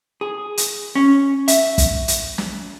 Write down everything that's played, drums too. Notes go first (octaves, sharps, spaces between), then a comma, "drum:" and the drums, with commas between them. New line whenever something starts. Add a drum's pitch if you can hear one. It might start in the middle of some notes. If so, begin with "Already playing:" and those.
G#4
drum: hi-hat
C#4
E5, drum: hi-hat
drum: kick, hi-hat
drum: hi-hat
drum: snare